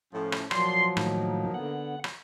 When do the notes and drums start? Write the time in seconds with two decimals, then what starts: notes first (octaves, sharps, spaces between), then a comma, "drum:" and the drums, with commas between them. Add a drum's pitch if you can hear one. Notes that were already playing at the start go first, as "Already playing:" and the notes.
0.13 A2 F3 C#4
0.32 drum: rim click
0.51 A#2 F3 F#3 D5 C6, drum: rim click
0.97 A2 D#3 A#3 D#4, drum: rim click
1.54 D3 B3 F#5
2.04 drum: rim click